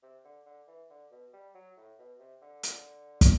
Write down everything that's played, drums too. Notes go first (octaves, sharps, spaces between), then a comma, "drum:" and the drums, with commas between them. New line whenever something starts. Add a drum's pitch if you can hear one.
C3
D3
D3
E3
D3
B2
G3
F#3
A2
B2
C3
D3
drum: hi-hat
drum: kick, hi-hat